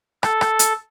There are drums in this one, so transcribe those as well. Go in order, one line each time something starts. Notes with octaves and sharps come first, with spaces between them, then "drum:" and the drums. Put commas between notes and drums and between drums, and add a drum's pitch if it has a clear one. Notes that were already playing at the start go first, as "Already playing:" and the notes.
A4, drum: rim click
drum: rim click
drum: hi-hat